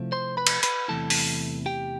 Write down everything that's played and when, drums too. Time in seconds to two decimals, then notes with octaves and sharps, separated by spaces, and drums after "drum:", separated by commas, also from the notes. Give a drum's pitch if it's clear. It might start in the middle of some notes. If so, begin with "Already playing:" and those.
Already playing: C3 F3 A3 C4 E4
0.12 C5 C6
0.37 B4 B5
0.47 drum: cymbal
0.63 B4 B5, drum: hi-hat
0.88 E2 C3 E3 A3 E4 A4 A5
1.10 drum: open hi-hat
1.66 G4 G5